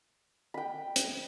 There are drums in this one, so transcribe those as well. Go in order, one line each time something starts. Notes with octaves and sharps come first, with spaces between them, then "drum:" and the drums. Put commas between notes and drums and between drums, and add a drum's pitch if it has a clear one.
G5 B5
drum: hi-hat